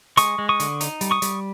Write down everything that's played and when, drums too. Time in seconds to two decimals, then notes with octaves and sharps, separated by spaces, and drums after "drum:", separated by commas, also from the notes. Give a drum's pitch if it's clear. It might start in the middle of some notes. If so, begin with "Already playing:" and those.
0.17 G#3 C#6 D#6, drum: hi-hat
0.38 G#3
0.49 C#6 D#6
0.60 D3, drum: hi-hat
0.81 D#4, drum: hi-hat
1.01 G3, drum: hi-hat
1.11 C#6 D#6
1.22 G3, drum: hi-hat